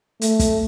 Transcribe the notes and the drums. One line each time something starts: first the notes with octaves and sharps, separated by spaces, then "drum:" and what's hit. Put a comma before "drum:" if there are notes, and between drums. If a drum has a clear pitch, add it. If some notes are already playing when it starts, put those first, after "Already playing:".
A3, drum: hi-hat
drum: kick, hi-hat